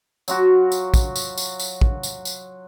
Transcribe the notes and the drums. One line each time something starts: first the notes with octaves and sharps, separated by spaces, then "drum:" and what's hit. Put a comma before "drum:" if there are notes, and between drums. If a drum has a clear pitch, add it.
F#3 F4 F#4, drum: tambourine
drum: tambourine
drum: kick, tambourine
drum: tambourine
drum: tambourine
drum: tambourine
drum: kick
drum: tambourine
drum: tambourine